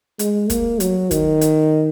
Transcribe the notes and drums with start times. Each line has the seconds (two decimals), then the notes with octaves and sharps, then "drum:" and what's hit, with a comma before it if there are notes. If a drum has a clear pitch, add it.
0.19 G#3, drum: hi-hat
0.50 A#3, drum: kick, hi-hat
0.80 F#3, drum: hi-hat
1.11 D#3, drum: kick, hi-hat
1.41 drum: hi-hat